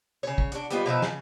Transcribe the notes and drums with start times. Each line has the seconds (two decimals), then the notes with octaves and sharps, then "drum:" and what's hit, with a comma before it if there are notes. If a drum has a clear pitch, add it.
0.23 C#3 C#5
0.38 drum: kick
0.52 D4 F#4, drum: hi-hat
0.70 G3 B3 F4 D#5, drum: hi-hat
0.86 B2 F3 D#4 E5
1.02 C#3, drum: snare